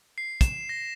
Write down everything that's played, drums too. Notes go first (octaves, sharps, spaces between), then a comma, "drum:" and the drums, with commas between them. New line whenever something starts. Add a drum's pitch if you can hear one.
C7
E7, drum: kick, hi-hat
A#6